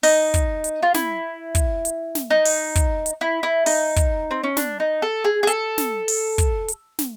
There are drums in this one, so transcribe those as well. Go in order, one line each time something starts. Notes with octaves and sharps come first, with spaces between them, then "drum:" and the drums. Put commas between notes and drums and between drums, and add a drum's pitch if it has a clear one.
D#4, drum: open hi-hat
drum: kick, hi-hat
drum: hi-hat
F4
E4, drum: snare
drum: kick, hi-hat
drum: hi-hat
drum: snare
D#4
drum: open hi-hat
drum: kick, hi-hat
drum: hi-hat
E4
E4
D#4, drum: open hi-hat
drum: kick, hi-hat
C4
C#4
D4, drum: snare
D#4
A4
G#4
G#4
A4, drum: hi-hat
drum: snare
drum: open hi-hat
drum: kick, hi-hat
drum: hi-hat
drum: snare